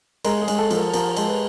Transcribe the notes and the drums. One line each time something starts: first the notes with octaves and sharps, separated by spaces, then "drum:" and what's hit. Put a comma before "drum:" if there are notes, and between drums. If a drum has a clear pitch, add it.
G#3 A#4, drum: cymbal
G#4
G#3, drum: cymbal
A4
F3, drum: cymbal
A#4
F3 A#4, drum: cymbal
G#3, drum: cymbal
B4